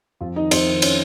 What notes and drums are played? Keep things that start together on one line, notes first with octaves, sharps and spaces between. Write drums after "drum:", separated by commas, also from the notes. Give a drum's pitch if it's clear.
F2 F4
D#3 D#4 D#5
F2 C4 C5, drum: cymbal
D#3
C#4 C#5, drum: cymbal